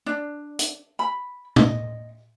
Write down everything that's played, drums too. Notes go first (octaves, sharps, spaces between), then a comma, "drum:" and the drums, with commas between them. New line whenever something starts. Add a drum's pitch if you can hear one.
D4
drum: hi-hat
B5
D#5, drum: tom B2